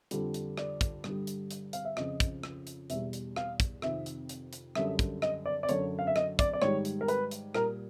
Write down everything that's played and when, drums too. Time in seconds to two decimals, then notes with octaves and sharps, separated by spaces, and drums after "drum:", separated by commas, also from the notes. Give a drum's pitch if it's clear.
0.11 F2 D3 G3, drum: hi-hat
0.34 drum: hi-hat
0.57 D5, drum: rim click
0.81 drum: kick, hi-hat
1.04 G2 D3 G3, drum: rim click
1.27 drum: hi-hat
1.51 drum: hi-hat
1.73 F5, drum: hi-hat
1.85 E5
1.97 F2 C#3 F3 D#5, drum: rim click
2.20 drum: kick, hi-hat
2.43 drum: rim click
2.67 drum: hi-hat
2.90 E2 B2 G3 E5, drum: hi-hat
3.13 drum: hi-hat
3.36 F5, drum: rim click
3.60 drum: kick, hi-hat
3.82 F2 C3 D#3 E5, drum: rim click
4.06 drum: hi-hat
4.29 drum: hi-hat
4.53 drum: hi-hat
4.75 F#2 D3 G3 E5, drum: rim click
4.99 drum: kick, hi-hat
5.22 D#5, drum: rim click
5.46 D5
5.63 D5
5.69 F#2 D3 F#3 C#5, drum: hi-hat
5.99 F5
6.07 E5
6.16 D#5, drum: rim click
6.39 D5, drum: kick, hi-hat
6.53 D5
6.62 G#2 D#3 G3 C#5, drum: rim click
6.85 drum: hi-hat
7.01 A#4
7.08 B4, drum: hi-hat
7.31 drum: hi-hat
7.55 A#2 G3 A#4, drum: rim click